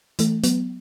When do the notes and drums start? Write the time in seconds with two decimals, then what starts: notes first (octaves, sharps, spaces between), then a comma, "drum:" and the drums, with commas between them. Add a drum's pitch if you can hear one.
0.19 E3 A3, drum: hi-hat
0.44 F#3 B3, drum: hi-hat